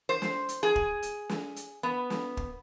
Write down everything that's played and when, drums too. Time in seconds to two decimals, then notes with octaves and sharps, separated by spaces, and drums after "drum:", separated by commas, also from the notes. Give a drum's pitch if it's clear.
0.09 C5
0.22 drum: snare
0.49 drum: hi-hat
0.63 G#4
0.76 drum: kick
1.03 drum: hi-hat
1.29 drum: snare
1.56 drum: hi-hat
1.83 B3
2.10 drum: snare
2.37 drum: kick